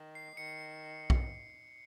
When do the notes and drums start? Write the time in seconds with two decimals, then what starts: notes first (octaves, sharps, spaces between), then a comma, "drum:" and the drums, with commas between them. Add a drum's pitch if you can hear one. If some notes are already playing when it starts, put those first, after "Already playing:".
Already playing: D#3
0.15 C7
0.37 D#3 C#7
1.10 drum: kick